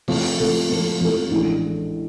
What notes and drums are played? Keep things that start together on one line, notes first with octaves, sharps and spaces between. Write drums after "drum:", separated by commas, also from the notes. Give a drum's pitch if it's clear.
F2 F3 A3 F4 A4, drum: cymbal
F2 F3 A3 F4 A4
F2 F3 A3 F4 A4
F2 F3 A3 F4 A4
A1 A2 G#3 D4